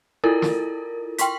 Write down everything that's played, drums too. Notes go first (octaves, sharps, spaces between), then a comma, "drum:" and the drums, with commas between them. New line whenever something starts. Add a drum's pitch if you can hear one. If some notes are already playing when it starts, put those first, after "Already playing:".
E4 F4 A4 A#4
drum: snare
G5 C6 C#6 B6, drum: hi-hat